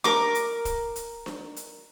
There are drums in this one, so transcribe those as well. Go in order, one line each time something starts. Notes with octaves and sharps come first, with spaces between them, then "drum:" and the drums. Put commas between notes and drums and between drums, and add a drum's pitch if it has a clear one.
A#4 D6, drum: snare D4
drum: hi-hat
drum: kick, hi-hat
drum: hi-hat
drum: snare D4
drum: hi-hat